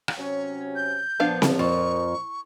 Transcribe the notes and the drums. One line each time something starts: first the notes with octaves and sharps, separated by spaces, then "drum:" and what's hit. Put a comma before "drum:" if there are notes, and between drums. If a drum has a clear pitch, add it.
drum: rim click
C3 F#3 C#4 C#5
G6
A#2 F3 B3 D4 F5
drum: snare C4
F2 F4 C#6